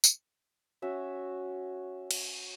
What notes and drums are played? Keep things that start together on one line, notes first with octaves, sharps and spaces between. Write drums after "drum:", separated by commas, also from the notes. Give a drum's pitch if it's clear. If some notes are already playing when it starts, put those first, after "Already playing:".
drum: tambourine
C#4 F#4 E5
drum: cymbal